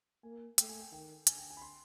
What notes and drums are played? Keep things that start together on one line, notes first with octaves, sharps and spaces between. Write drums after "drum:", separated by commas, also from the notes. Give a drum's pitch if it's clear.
A#3 G#5
A3 G5, drum: hi-hat
G#5
G5
D#3 G5
D3 G#5, drum: hi-hat
G5
G#5
B5
C6